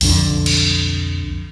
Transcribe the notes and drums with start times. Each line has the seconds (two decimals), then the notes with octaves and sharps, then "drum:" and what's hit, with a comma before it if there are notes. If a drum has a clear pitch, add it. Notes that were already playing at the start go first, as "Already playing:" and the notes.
0.01 B1 F2 D3, drum: open hi-hat
0.46 drum: cymbal